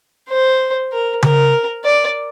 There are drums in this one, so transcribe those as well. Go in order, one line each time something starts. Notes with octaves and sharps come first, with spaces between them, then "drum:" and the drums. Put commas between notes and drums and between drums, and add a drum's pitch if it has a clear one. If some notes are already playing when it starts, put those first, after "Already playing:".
C5
A#4
A#4, drum: tom C#3
D5